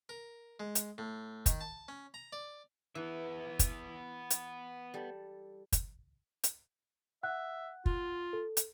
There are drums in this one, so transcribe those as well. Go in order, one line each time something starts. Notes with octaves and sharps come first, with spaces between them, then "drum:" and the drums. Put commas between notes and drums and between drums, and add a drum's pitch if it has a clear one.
A#4
G#3
drum: hi-hat
A2
D#3, drum: kick, hi-hat
A5
C#4
A#5
D5
E3 B3 E5
drum: kick, hi-hat
drum: hi-hat
G3 A4
drum: kick, hi-hat
drum: hi-hat
E5 F#5 F#6
F4, drum: kick
A4
drum: hi-hat